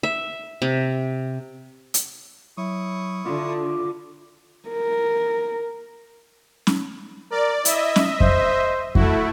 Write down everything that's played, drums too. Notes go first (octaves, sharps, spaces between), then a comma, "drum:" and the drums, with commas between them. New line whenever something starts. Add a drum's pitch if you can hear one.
E5
C3
drum: hi-hat
F#3 E4 C#6 D#6
D3 F4 D6
A#4
drum: snare C#4
A#4 D5
E4 D#5 E5, drum: hi-hat
drum: snare C#4
C5, drum: kick F2
A3 E4 F#4, drum: kick F2